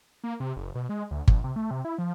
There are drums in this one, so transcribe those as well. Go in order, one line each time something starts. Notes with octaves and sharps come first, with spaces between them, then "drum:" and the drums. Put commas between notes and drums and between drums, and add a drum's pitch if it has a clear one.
A#3
C3
F#1
B2
G#3
D2
A#1, drum: kick G1
C3
A3
C3
E4
F3